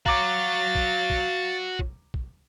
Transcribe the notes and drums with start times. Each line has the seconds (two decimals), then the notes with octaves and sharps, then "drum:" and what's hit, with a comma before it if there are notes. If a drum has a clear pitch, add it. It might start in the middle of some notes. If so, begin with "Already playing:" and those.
0.06 F#4 C#5 F5 A#5 D6 A6, drum: kick
0.75 drum: kick
1.10 drum: kick
1.79 drum: kick
2.14 drum: kick